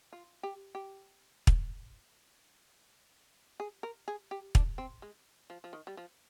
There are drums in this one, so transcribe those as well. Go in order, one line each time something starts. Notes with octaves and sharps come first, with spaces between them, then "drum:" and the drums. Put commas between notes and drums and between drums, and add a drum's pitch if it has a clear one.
F4
G4
G4
drum: kick
G#4
A#4
G#4
G4
D4, drum: kick
C4
G#3
F3
F3
D#3
G3
F3